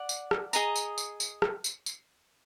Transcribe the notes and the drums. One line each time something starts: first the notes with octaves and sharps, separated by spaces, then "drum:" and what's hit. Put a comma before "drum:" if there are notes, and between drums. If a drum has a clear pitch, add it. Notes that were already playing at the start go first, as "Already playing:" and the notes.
Already playing: D5 F#5
drum: tambourine
drum: rim click
G#4 D#5 A#5, drum: tambourine
drum: tambourine
drum: tambourine
drum: tambourine
drum: rim click
drum: tambourine
drum: tambourine